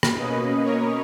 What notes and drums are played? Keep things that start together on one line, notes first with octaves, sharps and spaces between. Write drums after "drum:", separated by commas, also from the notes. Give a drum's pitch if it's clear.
drum: rim click
B2 A#3 C#4 B4 D#5
A#4 C#5